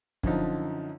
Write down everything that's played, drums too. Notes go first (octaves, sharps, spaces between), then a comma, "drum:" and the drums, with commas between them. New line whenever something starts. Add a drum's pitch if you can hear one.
F#2 D3 F3 D#4, drum: kick